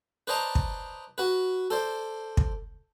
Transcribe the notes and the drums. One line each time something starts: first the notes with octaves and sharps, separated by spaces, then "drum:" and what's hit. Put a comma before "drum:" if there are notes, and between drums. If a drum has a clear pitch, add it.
B4 C5 D5 D#5 A5 A#5
drum: kick
F#4 B4
A4 C5 D5
drum: kick